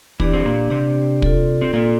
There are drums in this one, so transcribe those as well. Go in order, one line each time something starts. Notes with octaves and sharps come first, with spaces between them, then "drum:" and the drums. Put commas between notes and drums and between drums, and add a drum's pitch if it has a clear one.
E2 E3 D4 G4 D5, drum: kick
C4
A#2 A#3
C3 C4 D4 G4 D5
F4 A4 D5, drum: kick
C4
A#2 A#3 F4 A4 D5